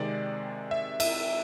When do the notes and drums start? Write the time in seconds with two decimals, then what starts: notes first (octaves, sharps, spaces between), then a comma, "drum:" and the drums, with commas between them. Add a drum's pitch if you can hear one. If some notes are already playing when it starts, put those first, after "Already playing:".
Already playing: C3 D#3 G#3 C4 D5
0.71 E5
1.00 E5, drum: cymbal